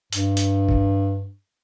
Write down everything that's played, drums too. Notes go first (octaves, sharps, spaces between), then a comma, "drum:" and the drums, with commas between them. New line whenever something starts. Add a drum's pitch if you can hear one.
G2, drum: hi-hat
drum: hi-hat
drum: kick